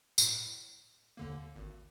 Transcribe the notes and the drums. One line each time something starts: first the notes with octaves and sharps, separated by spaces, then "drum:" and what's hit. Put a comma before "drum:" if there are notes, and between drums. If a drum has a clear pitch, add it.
A2, drum: tambourine
D#2 D3 A#3
G#1